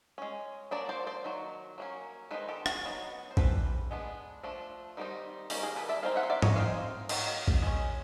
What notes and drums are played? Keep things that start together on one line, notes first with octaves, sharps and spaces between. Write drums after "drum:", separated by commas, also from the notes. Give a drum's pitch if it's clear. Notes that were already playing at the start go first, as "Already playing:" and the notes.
G#3 C#4
F#3 A#3 D4 D5
C5 D5
C5 D5
D#3 F#3
F#3 A#3 C#4
D#3 G#3 C4 D#4 B4
G4 A4
F#4 G#4, drum: rim click
F#3 B3 D#4
C5
E3 G3 C4 A4 B4, drum: kick A#1
G#3 B3 D4
F3 A3 D4
D#3 G3 C4 D#4
D#3 G3 A#3 C#4, drum: open hi-hat
G#4 A#4
A4 B4
D5 E5
G#3 C4 D#4 F5
E5 F#5
F5
D5 E5
C#5 D#5, drum: tom G#2
G#3 C4 D#4 F5
F#3 A#3 D#4, drum: cymbal
drum: kick A#1
G#3 C#4